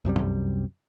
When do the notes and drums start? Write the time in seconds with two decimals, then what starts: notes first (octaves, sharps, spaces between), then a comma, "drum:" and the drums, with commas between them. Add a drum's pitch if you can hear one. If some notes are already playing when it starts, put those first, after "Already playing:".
0.05 C2 F#2 C3 G3
0.16 drum: tom